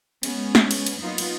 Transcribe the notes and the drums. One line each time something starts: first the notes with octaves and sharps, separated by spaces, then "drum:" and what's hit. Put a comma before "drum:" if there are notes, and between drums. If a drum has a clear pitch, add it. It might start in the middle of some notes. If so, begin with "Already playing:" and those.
G#3 B3 C#4, drum: cymbal
drum: snare
drum: cymbal
drum: cymbal
F#3 A#3 B3 D#4 F4
drum: cymbal